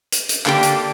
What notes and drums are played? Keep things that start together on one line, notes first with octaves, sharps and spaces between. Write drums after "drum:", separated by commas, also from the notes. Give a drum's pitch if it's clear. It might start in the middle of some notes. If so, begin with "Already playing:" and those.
drum: hi-hat
drum: hi-hat
D3 A#3 D4 G4, drum: clap
drum: hi-hat